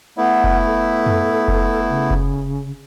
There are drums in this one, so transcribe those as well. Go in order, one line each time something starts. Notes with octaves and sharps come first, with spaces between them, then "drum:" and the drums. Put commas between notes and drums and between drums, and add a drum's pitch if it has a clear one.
A3 B3 E4 F#5
drum: kick F1
A4
drum: tom F2
drum: kick F1
C#3
drum: kick F1